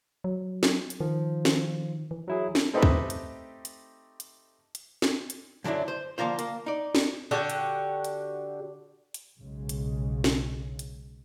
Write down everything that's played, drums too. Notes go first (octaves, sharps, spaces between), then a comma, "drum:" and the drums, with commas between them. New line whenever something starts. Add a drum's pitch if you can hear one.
F#3
drum: snare
drum: hi-hat
D#3 F3
drum: snare
E3
F#3 E4 G#4
drum: snare
A3 C4 D#4 G4 A4 B4
drum: kick
drum: hi-hat
drum: hi-hat
drum: hi-hat
drum: hi-hat
drum: snare
drum: hi-hat
F#2 D3 F#3 D4 E4
C5
D3 F3 A#3 F4 C5
A#3, drum: hi-hat
D#4 D5
drum: snare
D3 F#4 G4 A4
drum: hi-hat
drum: hi-hat
drum: hi-hat
B1 C#3 G#3
drum: hi-hat
drum: snare
drum: hi-hat